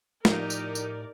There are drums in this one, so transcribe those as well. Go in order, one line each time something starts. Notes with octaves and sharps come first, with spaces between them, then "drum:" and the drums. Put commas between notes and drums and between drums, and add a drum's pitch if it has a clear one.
A2 F3 D#4 F4 G4 A#4 D5, drum: snare
drum: tambourine
drum: tambourine